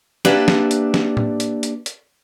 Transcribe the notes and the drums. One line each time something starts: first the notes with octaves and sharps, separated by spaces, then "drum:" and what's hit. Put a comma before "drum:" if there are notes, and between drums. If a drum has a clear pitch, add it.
A#3 D4 G4 B4 D5 E5, drum: snare
drum: snare
drum: hi-hat
drum: snare
drum: tom A2
drum: hi-hat
drum: hi-hat
drum: hi-hat